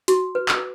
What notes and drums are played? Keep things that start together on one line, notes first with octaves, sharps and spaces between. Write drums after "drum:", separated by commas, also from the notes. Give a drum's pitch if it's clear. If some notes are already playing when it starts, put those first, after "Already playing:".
F#4, drum: hi-hat
B4
drum: clap